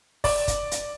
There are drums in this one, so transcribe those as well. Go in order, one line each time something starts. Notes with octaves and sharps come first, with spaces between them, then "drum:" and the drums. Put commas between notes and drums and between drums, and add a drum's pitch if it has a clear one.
D5, drum: kick, open hi-hat
drum: kick, hi-hat
drum: hi-hat